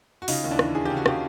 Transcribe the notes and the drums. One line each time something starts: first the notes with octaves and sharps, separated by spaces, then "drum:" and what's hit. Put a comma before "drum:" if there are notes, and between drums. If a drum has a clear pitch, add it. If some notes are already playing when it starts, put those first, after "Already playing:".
F#4
C#3 D#4 F4, drum: open hi-hat
D#2
D4 E4
E3, drum: rim click
E3 G#4
C#3 G4
F#4
C#3 F4 G4, drum: rim click